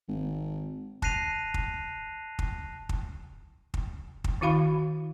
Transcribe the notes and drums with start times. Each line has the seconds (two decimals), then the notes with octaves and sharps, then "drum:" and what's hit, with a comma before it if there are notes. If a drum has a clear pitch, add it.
0.08 G#1
1.02 A5 F#6 A#6 C7 D#7 F7, drum: kick
1.54 drum: kick
2.39 drum: kick
2.89 drum: kick
3.74 drum: kick
4.24 drum: kick
4.41 D#3 E4 F#4 F5 B5